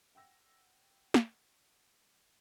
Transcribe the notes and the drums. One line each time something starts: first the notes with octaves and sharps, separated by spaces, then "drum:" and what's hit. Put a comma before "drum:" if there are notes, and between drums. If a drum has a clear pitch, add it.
F#5 G5 E6 A#6
drum: snare